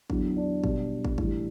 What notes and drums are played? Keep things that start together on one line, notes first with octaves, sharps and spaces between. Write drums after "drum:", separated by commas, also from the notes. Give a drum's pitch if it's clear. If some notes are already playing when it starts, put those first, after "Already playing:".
E2 D3 F#3, drum: kick
D4
B2 G3, drum: kick
drum: kick
A2 E3 G3, drum: kick